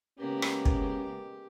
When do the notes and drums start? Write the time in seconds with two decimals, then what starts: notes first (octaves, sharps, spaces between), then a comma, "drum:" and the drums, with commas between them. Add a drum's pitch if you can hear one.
0.19 C#3 G#3 A#3 B3 C#4 G4
0.42 drum: rim click
0.65 drum: kick